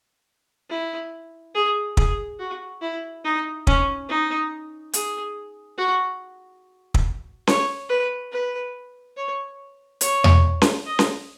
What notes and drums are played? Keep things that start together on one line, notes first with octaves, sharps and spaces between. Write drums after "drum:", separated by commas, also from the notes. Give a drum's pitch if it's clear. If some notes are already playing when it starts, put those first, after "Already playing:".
E4
G#4
G#4, drum: kick
F#4
E4
D#4
C#4, drum: kick
D#4
G#4, drum: hi-hat
F#4
drum: kick
C#5, drum: snare C#4
B4
B4
C#5
C#5, drum: hi-hat
drum: tom E2
drum: snare C#4
D#5
drum: snare C#4